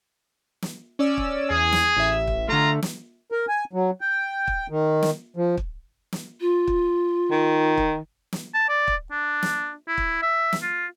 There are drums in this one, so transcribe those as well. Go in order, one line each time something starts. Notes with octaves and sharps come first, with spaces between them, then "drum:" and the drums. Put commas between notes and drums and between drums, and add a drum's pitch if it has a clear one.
drum: snare
C#4 D5 E6
drum: kick
E2 G#4
drum: snare
A1 E5
drum: kick
D3 A3 F4 A#5
drum: snare
A#4
G#5
F#3
G5
drum: kick
D#3
drum: snare
F3
drum: kick
drum: snare
F4
drum: kick
D#3
drum: kick
drum: snare
A5
D5
drum: kick
D4
drum: snare
E4
drum: kick
E5
drum: snare
F4